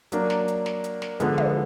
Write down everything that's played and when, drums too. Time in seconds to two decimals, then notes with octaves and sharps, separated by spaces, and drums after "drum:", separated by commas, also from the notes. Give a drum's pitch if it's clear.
0.12 F#3 A#3 D4, drum: hi-hat
0.30 drum: snare
0.48 drum: hi-hat
0.66 drum: snare
0.84 drum: hi-hat
1.02 drum: snare
1.20 D3 F3 G#3 B3, drum: hi-hat
1.38 drum: tom